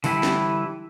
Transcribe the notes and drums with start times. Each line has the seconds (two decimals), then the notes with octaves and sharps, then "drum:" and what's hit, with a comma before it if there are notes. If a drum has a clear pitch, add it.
0.04 D3 E3 G3 E4 B4, drum: open hi-hat
0.23 drum: snare